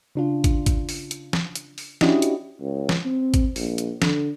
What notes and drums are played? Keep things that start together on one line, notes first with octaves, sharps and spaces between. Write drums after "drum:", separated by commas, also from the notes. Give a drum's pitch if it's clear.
C#3 D4 F4
drum: kick, hi-hat
drum: kick, hi-hat
drum: open hi-hat
drum: hi-hat
drum: snare
drum: hi-hat
drum: open hi-hat
C#4 D4 E4 F#4 G4 D#5, drum: snare
drum: hi-hat
C#2
drum: snare
C4
drum: kick, hi-hat
A#1, drum: open hi-hat
drum: hi-hat
D3, drum: snare